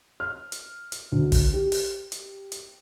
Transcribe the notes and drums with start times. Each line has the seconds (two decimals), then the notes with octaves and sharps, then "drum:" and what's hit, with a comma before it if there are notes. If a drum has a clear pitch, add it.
0.20 F6
0.52 drum: hi-hat
0.92 drum: hi-hat
1.12 D2
1.32 drum: kick, open hi-hat
1.54 G4
1.72 drum: open hi-hat
2.12 drum: hi-hat
2.52 drum: hi-hat